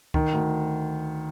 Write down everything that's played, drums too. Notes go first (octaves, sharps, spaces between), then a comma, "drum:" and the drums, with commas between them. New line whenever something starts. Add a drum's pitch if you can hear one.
D#3, drum: kick C#2
D2